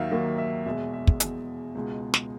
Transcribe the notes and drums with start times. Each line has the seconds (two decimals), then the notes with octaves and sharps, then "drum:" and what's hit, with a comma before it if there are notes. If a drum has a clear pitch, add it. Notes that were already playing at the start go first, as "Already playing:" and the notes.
Already playing: D#2 D#3 F#3 A#3 E5 F5
0.11 D#2 D#3 F#3 A#3
0.38 E5
0.65 E2 B2 G#3 E5
0.93 E5
1.07 drum: kick
1.20 E2 B2 G#3, drum: hi-hat
1.75 C#2 B2 G#3
2.14 drum: snare